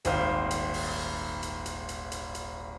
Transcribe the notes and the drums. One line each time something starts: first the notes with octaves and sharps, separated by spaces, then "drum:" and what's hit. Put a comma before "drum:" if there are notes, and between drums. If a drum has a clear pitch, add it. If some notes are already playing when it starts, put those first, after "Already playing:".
D#1 G#1 D#3 C5 F5 F6, drum: hi-hat
drum: hi-hat
drum: open hi-hat
drum: hi-hat
drum: hi-hat
drum: hi-hat
drum: hi-hat
drum: hi-hat